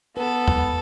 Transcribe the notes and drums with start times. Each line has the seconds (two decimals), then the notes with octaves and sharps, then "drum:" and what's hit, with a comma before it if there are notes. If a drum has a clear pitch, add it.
0.17 B3 A4 B4
0.48 drum: tom